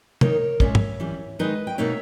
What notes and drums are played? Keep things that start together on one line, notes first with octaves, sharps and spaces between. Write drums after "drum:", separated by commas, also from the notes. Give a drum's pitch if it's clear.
D#3 A#3 D#4 A#4 C#5, drum: tom
A#2 G#3 C#4 C#5 E5, drum: kick
drum: tom
E3 G3 C#4
D#3 G#3 D#4 B4 D#5
G5
B2 A#3 D#4 C#5 E5